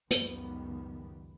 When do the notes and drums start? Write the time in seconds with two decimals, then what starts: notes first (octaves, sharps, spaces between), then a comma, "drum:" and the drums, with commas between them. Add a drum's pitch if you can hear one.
0.11 C#2 F#2 D#3 G3 B3, drum: hi-hat